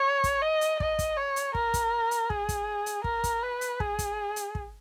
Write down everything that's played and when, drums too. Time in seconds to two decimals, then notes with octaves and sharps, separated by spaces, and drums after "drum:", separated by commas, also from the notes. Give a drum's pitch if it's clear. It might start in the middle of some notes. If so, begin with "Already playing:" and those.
Already playing: C#5
0.24 drum: kick, hi-hat
0.42 D#5
0.61 drum: hi-hat
0.80 D#5, drum: kick
0.99 drum: kick, hi-hat
1.17 C#5
1.36 drum: hi-hat
1.55 A#4, drum: kick
1.74 drum: kick, hi-hat
2.11 drum: hi-hat
2.30 G#4, drum: kick
2.49 drum: kick, hi-hat
2.86 drum: hi-hat
3.04 A#4, drum: kick
3.24 drum: kick, hi-hat
3.42 B4
3.61 drum: hi-hat
3.80 G#4, drum: kick
3.99 drum: kick, hi-hat
4.36 drum: hi-hat
4.55 drum: kick